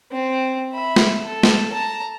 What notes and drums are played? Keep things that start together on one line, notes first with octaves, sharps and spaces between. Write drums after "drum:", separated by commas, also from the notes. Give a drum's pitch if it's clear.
C4
E5 B5
drum: snare
A4
drum: snare
A5 A#5